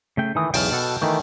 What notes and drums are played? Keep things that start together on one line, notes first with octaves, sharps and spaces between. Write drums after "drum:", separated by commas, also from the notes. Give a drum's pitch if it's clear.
C#3 A3 G5
D#3 E3 A3 D#6
B1 E2 C#3 G5 A5 F6, drum: open hi-hat
B2 A4 F#5
D#3 E3 A3